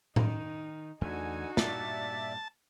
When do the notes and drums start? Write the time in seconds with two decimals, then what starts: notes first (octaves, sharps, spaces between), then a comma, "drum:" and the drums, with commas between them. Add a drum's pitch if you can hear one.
0.16 D#3 D#4, drum: tom A2
1.01 E2 D3 A3 D#4 F#4 G#5
1.57 G2 A#2 D5 E5 A5, drum: snare